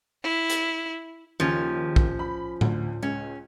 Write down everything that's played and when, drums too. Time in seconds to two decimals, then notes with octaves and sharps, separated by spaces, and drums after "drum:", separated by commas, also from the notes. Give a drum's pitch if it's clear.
0.23 E4
0.50 drum: hi-hat
1.40 D#2 C#3 F3 C#4
1.96 drum: kick
2.19 B5
2.61 D2, drum: tom A2
3.02 C#2 C#4